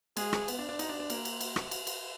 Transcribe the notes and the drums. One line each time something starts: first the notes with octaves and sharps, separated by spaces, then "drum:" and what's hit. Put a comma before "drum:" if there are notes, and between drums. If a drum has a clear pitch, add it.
G#3 G#4, drum: cymbal
drum: rim click
B3, drum: cymbal
D4
D4
D#4, drum: cymbal
D4
D4
A#3, drum: cymbal
drum: cymbal
drum: cymbal
drum: rim click
drum: cymbal
drum: cymbal